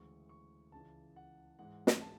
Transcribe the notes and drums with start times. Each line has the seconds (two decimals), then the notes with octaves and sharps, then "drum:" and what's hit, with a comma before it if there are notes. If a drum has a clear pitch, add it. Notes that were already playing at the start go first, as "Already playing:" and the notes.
Already playing: D2 C#3 E3 G#3 C#6
0.29 C#6
0.72 C#2 C#3 E3 A5
1.16 F#5
1.59 G#2 E3 G#3 F#5
1.87 drum: snare
2.01 A5